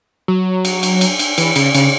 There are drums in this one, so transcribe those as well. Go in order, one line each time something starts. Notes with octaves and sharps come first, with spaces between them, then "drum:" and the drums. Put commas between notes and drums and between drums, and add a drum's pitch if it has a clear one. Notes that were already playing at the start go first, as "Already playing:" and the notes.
F#3
drum: cymbal
drum: cymbal
drum: cymbal
drum: cymbal
E3, drum: cymbal
C#3, drum: cymbal
C#3, drum: cymbal